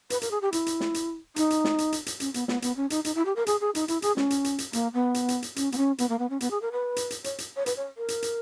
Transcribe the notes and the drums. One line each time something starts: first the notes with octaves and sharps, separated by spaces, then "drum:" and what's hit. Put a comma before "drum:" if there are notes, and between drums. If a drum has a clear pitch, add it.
B4, drum: hi-hat
A#4, drum: hi-hat
G#4
G4
E4, drum: hi-hat
drum: hi-hat
drum: snare
drum: hi-hat
D#4, drum: hi-hat
drum: hi-hat
drum: snare
drum: hi-hat
drum: hi-hat
drum: hi-hat
C#4, drum: hi-hat
B3, drum: hi-hat
B3, drum: snare
B3, drum: hi-hat
C#4
D#4, drum: hi-hat
D#4, drum: hi-hat
E4
G4
A#4
G#4, drum: hi-hat
G#4
D#4, drum: hi-hat
E4, drum: hi-hat
G#4, drum: hi-hat
C#4, drum: snare
drum: hi-hat
drum: hi-hat
drum: hi-hat
A#3, drum: hi-hat
B3
drum: hi-hat
drum: hi-hat
drum: hi-hat
C#4, drum: hi-hat
B3, drum: hi-hat
C#4
B3, drum: hi-hat
A#3
B3
C#4
B3, drum: hi-hat
G#4
A#4
B4
drum: hi-hat
drum: hi-hat
C#5, drum: hi-hat
drum: hi-hat
C#5
B4, drum: hi-hat
C#5
A#4
drum: hi-hat
drum: hi-hat